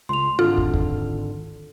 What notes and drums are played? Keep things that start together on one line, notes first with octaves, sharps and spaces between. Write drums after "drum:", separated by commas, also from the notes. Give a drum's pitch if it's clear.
C#2 C6 F7
G#1 D3 F4 A4
drum: kick
drum: kick